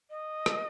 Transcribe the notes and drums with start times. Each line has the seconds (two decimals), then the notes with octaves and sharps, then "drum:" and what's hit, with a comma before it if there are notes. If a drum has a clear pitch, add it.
0.10 D#5
0.46 drum: rim click